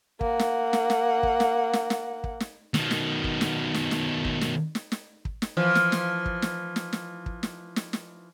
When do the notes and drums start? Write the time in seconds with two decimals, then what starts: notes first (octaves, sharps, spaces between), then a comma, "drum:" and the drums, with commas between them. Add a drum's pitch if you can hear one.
0.21 A#3 F#5, drum: kick
0.39 drum: snare
0.73 drum: snare
0.90 drum: snare
1.23 drum: kick
1.40 drum: snare
1.73 drum: snare
1.90 drum: snare
2.24 drum: kick
2.40 drum: snare
2.74 B2 D#3, drum: snare
2.91 drum: snare
3.24 drum: kick
3.41 drum: snare
3.74 drum: snare
3.91 drum: snare
4.25 drum: kick
4.41 drum: snare
4.75 drum: snare
4.92 drum: snare
5.25 drum: kick
5.42 drum: snare
5.57 E3 F3
5.75 drum: snare
5.92 drum: snare
6.26 drum: kick
6.42 drum: snare
6.76 drum: snare
6.93 drum: snare
7.26 drum: kick
7.43 drum: snare
7.76 drum: snare
7.93 drum: snare